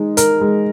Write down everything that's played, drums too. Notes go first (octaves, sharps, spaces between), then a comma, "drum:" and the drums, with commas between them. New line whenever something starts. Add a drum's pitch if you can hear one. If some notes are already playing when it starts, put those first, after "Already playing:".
Already playing: G#3 D#4
A#4, drum: hi-hat
G#3